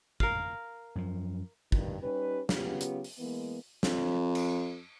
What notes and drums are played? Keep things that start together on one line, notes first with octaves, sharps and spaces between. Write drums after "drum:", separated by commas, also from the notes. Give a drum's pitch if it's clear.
A#4 F5, drum: kick
F#2 F3
G2 D#3, drum: kick
G3 C#4 D#4 G4 B4
C#3 F#3 B3 C#4 F4 G4, drum: snare
drum: hi-hat
drum: open hi-hat
E3 G#3 A#3 B3
F2, drum: snare
drum: cymbal